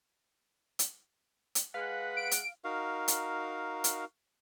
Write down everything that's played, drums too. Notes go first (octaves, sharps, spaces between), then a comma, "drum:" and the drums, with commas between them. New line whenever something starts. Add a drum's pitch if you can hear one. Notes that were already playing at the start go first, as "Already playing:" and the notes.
drum: hi-hat
drum: hi-hat
G#3 B4 F5 F#5
D7
drum: hi-hat
D#4 F#4 A#4 F5
drum: hi-hat
drum: hi-hat